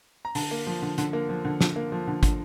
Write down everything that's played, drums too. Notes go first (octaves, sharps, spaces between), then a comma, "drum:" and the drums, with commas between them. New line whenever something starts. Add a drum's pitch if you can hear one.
A#5
D3 A5, drum: open hi-hat
A#3
F3
D3
D3, drum: hi-hat
A#3
F3
D3
D3, drum: snare
A#3
F3
D3
D3, drum: kick, hi-hat